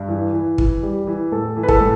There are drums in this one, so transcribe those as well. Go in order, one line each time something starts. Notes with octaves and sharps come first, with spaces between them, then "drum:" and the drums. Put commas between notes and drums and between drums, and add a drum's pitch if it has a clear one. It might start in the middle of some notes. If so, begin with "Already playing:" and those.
Already playing: G2
E3
E3
E3, drum: kick
G3
E3
A2 A4
E3
B4
A4, drum: kick
A2